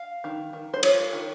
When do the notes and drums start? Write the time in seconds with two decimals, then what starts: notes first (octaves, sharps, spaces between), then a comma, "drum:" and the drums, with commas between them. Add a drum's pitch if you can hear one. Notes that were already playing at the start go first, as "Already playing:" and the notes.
Already playing: F5
0.24 D#3
0.53 D#3
0.74 C5
0.83 F4 C#5, drum: cymbal
1.13 D#3